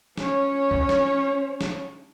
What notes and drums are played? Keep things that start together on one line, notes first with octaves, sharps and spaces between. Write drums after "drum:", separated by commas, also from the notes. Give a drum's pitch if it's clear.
C#4 C#5, drum: snare
drum: kick
drum: snare
drum: snare